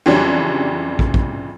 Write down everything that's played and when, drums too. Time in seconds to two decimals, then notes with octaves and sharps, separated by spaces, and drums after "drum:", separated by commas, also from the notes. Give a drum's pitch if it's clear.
0.06 F2 C#3 E3 F#3 G3 D4
0.99 drum: kick
1.14 drum: kick